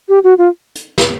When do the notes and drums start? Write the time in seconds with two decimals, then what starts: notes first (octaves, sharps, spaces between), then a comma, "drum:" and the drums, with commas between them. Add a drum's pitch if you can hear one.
0.09 G4
0.24 F#4
0.38 F4
0.75 drum: hi-hat
0.98 drum: snare